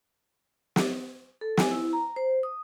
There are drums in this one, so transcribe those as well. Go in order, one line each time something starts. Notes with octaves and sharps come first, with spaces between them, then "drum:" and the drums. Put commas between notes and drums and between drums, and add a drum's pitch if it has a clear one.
drum: snare
A4
G#5, drum: snare
E4
A#5
C5
D#6